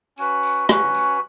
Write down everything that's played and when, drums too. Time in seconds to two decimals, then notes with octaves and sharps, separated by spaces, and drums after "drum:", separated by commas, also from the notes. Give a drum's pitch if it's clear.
0.18 C#4 F#4 B4, drum: tambourine
0.43 drum: tambourine
0.69 C#4 F#4 B4, drum: rim click
0.95 drum: tambourine